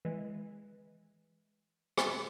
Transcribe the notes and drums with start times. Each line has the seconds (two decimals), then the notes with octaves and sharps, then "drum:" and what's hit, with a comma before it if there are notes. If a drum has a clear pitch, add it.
0.05 E3 G#3
1.97 drum: rim click